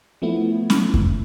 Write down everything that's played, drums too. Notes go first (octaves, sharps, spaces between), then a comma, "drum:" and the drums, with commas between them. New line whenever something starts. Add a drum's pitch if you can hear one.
F3 A3 B3 E4
drum: snare
drum: kick F2